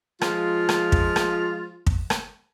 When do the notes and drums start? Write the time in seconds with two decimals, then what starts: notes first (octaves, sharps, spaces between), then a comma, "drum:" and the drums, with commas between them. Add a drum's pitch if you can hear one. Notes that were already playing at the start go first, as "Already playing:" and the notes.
0.21 F3 G#3 F4, drum: rim click
0.69 drum: rim click
0.92 drum: kick
1.16 drum: rim click
1.87 drum: kick
2.10 drum: rim click